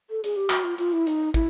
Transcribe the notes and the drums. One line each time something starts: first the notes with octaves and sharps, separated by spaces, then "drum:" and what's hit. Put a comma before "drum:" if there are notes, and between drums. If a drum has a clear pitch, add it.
A4
G#4, drum: hi-hat
G4
F#4, drum: clap
F4
F4, drum: hi-hat
E4
D#4, drum: hi-hat
E4, drum: kick, hi-hat